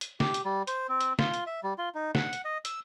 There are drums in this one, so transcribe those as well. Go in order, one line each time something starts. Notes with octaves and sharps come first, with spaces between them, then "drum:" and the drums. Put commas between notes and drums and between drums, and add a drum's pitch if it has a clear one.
drum: hi-hat
G4, drum: snare
drum: hi-hat
G3
C5, drum: hi-hat
C4
drum: hi-hat
F4, drum: snare
drum: hi-hat
E5
G3
F4
D#4
F#5, drum: snare
drum: hi-hat
D#5
E6, drum: hi-hat